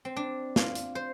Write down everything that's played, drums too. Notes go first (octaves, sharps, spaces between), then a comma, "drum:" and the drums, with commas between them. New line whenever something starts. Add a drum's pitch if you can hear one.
C4
D4
F4, drum: snare
drum: hi-hat
C5